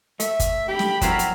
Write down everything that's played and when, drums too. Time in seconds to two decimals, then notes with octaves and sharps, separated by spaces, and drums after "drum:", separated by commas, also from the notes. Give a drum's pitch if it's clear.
0.20 A3 E5, drum: hi-hat
0.40 drum: kick, hi-hat
0.68 G4 G5 B5
0.79 drum: snare
1.01 C2 F2 F#3 A#3 C4 F#4 F5, drum: kick, hi-hat
1.19 drum: hi-hat